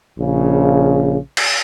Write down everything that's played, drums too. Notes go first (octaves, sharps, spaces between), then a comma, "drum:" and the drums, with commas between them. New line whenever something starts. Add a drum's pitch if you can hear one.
A#1 C#3
drum: cymbal